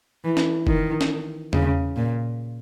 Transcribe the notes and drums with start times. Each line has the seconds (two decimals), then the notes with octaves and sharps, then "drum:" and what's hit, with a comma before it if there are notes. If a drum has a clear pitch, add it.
0.24 E3
0.37 drum: snare
0.67 D#3, drum: kick
1.01 drum: snare
1.53 C#3, drum: tom E2
1.96 A#2